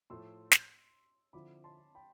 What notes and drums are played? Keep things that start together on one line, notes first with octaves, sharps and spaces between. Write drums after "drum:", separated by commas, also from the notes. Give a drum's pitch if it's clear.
A2 F3 A3 C6 E6
drum: snare
D3 F3 C4 E4 B5 D6
A5 C6
G5 B5